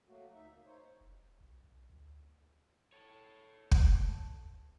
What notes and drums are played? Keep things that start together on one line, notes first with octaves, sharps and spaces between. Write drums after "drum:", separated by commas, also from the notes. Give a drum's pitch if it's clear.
F#3 A3 A#3 F#4
D2 D#4 E5
A#3
D#4 C5 C#5
F1
B1
B1
D2
A4 C#5
drum: kick